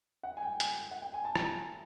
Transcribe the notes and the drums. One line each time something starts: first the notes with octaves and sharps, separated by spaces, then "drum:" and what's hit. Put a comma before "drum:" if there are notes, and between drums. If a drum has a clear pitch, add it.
F#5
G#5
G5
G#5, drum: hi-hat
F#5
G5
G#5
A5
A#5, drum: rim click